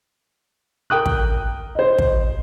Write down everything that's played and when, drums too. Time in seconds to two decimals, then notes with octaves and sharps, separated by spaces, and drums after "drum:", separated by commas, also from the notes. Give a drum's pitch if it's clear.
0.90 A#4 G5 D#6 F#6
1.06 drum: kick
1.75 C5 D#5
1.98 drum: kick